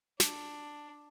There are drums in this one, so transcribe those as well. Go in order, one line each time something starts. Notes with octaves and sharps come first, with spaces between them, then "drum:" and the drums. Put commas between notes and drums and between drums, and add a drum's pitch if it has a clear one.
D4, drum: snare